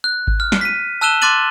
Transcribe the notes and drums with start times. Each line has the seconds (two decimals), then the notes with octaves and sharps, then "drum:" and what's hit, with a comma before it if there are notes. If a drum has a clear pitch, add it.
0.04 F#6
0.27 drum: kick G#1
0.40 F6
0.52 drum: snare
0.61 B6 D#7
1.01 A5 E6 F#6 D#7 E7 G7
1.21 C6 D6 F#6 A6 D#7 F#7